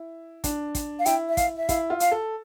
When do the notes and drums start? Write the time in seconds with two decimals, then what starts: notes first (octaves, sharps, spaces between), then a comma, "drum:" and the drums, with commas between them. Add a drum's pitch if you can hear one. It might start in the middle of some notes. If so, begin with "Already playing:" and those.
Already playing: E4
0.44 D4, drum: kick, hi-hat
0.75 drum: kick, hi-hat
0.99 F5
1.06 E4 G5, drum: hi-hat
1.29 E5
1.37 F5, drum: kick, hi-hat
1.57 E5
1.69 E4 F5, drum: kick, hi-hat
1.90 F4
2.00 F5, drum: hi-hat
2.11 A4